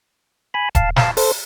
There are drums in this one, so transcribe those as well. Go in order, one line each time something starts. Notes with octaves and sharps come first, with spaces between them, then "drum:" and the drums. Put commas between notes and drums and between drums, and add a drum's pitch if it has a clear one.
G#5 B5
F5 A5, drum: kick D#1, hi-hat
F5 A5, drum: snare
A4 C5, drum: open hi-hat